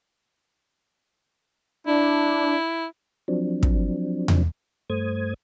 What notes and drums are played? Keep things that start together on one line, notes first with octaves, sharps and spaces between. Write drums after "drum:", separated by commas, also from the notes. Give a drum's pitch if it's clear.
D4 E4
F3 F#3 C4 D4
drum: kick
drum: tom E2
G2 A3 C5 D#6 G#6